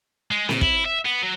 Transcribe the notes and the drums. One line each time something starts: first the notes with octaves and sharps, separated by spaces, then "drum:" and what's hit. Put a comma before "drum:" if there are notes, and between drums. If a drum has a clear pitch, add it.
G#3
A#2, drum: snare C4
E4, drum: kick
E5
B3
F#3